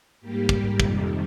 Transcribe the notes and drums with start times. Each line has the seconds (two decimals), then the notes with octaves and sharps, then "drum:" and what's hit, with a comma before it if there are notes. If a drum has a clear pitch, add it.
0.21 G#2 G3 A#3 G4
0.49 drum: kick
0.80 F2 C3 D#3 G3, drum: kick